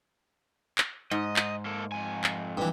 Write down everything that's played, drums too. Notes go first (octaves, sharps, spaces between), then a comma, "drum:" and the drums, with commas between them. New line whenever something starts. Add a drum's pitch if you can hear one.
drum: clap
G#2 D#5
drum: clap
A#3 A4
F2 G#5
drum: clap
G2 E3